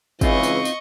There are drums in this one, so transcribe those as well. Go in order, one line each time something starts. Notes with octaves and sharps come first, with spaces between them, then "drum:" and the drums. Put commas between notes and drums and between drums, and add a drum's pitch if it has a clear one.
C#2 E3 C4 D#4 F4 D#5 C#6, drum: kick, tambourine
drum: tambourine
drum: tambourine